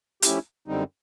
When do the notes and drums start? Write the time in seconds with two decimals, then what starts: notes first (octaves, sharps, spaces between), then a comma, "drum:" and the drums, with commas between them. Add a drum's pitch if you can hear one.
0.22 F3 A3 C#4 E4 G4, drum: hi-hat
0.68 F#2 D3 G3 C4 D#4